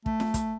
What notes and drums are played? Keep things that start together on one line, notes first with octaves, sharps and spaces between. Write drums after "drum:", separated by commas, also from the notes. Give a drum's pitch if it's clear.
A3, drum: kick
drum: snare
drum: kick, hi-hat